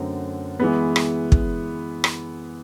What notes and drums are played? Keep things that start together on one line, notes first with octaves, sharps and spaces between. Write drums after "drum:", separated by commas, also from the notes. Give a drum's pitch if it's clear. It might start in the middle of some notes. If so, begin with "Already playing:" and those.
Already playing: F#2 D3 F#3 A3 C4
E3 G#3 B3
drum: rim click
drum: kick
drum: rim click